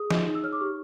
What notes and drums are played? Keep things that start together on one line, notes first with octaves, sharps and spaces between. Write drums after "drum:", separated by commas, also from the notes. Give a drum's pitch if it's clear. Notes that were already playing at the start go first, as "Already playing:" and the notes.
Already playing: G#4 D#6
D#4, drum: snare
D#4
E6
C#5 F6
D6
G4 C#6